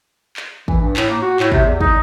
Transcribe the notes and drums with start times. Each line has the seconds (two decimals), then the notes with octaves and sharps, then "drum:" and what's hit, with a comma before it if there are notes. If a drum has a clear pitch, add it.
0.37 drum: clap
0.68 E3, drum: kick
0.80 G2
0.96 A2, drum: clap
1.10 A#3
1.22 F#4
1.40 A2, drum: clap
1.52 C3, drum: kick
1.65 E2
1.81 D#4, drum: kick